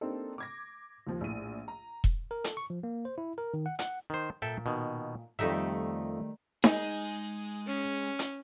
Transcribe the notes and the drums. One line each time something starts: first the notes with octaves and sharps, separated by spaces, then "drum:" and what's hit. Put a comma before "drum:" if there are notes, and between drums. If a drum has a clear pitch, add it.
A#3 C4 D4 D#4 G4 A4
D6 G#6 A#6
D#2 F3
A#1 A2 D#7
A#5
drum: kick E1
A#4
A4, drum: hi-hat
C#6
F3
A#3
C5
E4
A#4
D#3
F#5
F#5, drum: hi-hat
D#3 C5
A#2 A4 E5 G5
B2 D#3
F2 D#3 G3 A3 D#4 E5
G#3 D#4 G#4, drum: snare D#4
C#4
drum: hi-hat